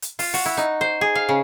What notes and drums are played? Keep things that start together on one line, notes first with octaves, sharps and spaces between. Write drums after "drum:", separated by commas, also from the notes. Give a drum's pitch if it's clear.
drum: hi-hat
F4, drum: open hi-hat
F#4, drum: open hi-hat
E4
D#4
C5
G#4
F5
C#3